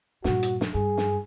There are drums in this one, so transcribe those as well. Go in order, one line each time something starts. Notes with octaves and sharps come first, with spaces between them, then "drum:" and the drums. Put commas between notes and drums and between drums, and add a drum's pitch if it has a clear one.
G2 A#2 F#4, drum: snare
drum: hi-hat
drum: snare
G2 G#4
drum: snare